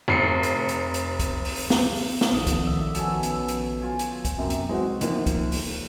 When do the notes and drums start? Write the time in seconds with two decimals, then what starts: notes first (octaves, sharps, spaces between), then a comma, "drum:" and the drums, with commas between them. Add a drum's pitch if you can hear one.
0.08 F1 C7 C#7
0.43 drum: hi-hat
0.69 drum: hi-hat
0.94 drum: hi-hat
1.19 drum: kick, hi-hat
1.45 drum: open hi-hat
1.70 drum: snare
1.96 drum: open hi-hat
2.21 drum: snare
2.32 A#1 D3 D#3 F3 D#5
2.47 drum: kick, hi-hat
2.65 D5 E5
2.95 B2 C#4 A4, drum: hi-hat
3.23 drum: hi-hat
3.48 drum: hi-hat
3.81 F#3 F4 G#5
3.99 drum: hi-hat
4.25 drum: kick, hi-hat
4.38 F#2 C3
4.50 drum: hi-hat
4.69 G#3 C4 F#4 F#5
5.01 D#2 C3 F3, drum: hi-hat
5.26 drum: kick, hi-hat
5.52 drum: open hi-hat